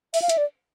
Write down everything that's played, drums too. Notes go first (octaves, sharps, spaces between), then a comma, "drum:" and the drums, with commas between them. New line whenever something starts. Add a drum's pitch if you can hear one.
E5, drum: open hi-hat
F5
E5, drum: hi-hat
D5